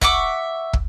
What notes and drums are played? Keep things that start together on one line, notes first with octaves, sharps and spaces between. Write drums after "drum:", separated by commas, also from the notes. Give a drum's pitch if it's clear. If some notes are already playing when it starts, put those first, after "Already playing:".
E5 F#5 C#6 D6, drum: kick
drum: kick